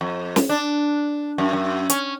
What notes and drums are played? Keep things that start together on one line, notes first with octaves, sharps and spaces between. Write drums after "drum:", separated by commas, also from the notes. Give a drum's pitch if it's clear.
F2
drum: snare
D4
F#2
F#2
C#4, drum: hi-hat